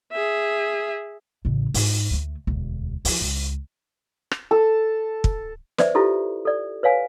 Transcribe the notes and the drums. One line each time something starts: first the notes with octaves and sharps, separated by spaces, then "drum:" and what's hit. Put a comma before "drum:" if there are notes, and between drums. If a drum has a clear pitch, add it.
G#4 E5
A1 C#3
G#2, drum: open hi-hat
D2 A3
E1 D2
F3 E4, drum: open hi-hat
C#2
drum: rim click
A4
drum: kick
B4 C5 D5 E5, drum: snare
E4 F4 G4 A4
A4 D5
B4 C#5 F5 G#5